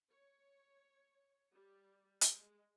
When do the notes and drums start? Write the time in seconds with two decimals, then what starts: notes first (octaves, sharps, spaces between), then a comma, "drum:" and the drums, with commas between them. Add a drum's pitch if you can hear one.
0.11 C#5
1.55 G3
2.21 G#3, drum: hi-hat